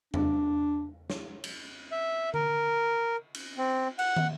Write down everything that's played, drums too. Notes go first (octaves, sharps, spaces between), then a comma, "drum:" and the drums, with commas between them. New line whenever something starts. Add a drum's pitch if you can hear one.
D4, drum: tom
drum: snare
drum: cymbal
E5
A#4, drum: tom D3
drum: cymbal
C4
F#5, drum: cymbal
drum: tom